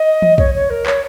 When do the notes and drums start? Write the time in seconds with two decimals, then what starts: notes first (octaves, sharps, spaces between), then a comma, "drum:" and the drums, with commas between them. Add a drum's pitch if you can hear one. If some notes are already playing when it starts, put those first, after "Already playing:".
Already playing: D#5
0.22 drum: tom E3
0.38 C#5, drum: kick
0.54 C#5
0.69 A#4
0.86 C#5, drum: clap